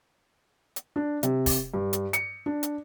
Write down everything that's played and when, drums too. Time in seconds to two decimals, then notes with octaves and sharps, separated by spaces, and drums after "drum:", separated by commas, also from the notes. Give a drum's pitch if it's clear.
0.76 drum: hi-hat
0.96 D4
1.23 C3, drum: hi-hat
1.46 drum: kick, open hi-hat
1.74 G2
1.93 drum: hi-hat
2.13 C#7, drum: hi-hat
2.46 D4
2.63 drum: hi-hat